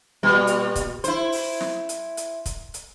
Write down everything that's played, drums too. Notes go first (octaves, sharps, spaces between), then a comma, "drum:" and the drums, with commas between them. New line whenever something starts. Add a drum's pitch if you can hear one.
A#2 G3
drum: hi-hat
drum: kick, hi-hat
E4 C5, drum: hi-hat
drum: open hi-hat
drum: snare
drum: hi-hat
drum: hi-hat
drum: kick, hi-hat
drum: hi-hat